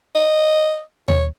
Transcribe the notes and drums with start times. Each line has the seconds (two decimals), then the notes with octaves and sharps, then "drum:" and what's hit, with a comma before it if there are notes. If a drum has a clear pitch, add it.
0.15 D#5
1.08 C#5, drum: tom D#2